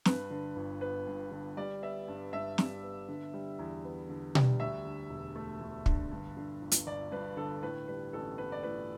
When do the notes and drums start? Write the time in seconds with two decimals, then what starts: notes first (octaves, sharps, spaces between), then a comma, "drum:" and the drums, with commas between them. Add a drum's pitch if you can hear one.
0.05 G2 B4, drum: snare
0.30 D3
0.56 G1
0.81 B3 B4
1.07 G2
1.31 D3
1.57 G3 D5
1.82 B3 E5
2.08 G2
2.33 G2 E5
2.58 G3, drum: snare
2.83 B3
3.09 D3
3.33 G3
3.59 E2
3.84 B3
4.09 D3
4.35 G3, drum: tom B2
4.60 D2 E5
4.85 D3
5.10 E1
5.36 A3
5.61 D2
5.86 D3, drum: kick
6.11 G2
6.37 D3
6.61 G1
6.72 drum: hi-hat
6.87 G1 D5
7.11 G2 B4
7.37 D3 A4
7.62 A2 B4
7.88 G3 B4
8.13 A1 A4
8.38 B3 B4
8.52 D5
8.63 A2 B4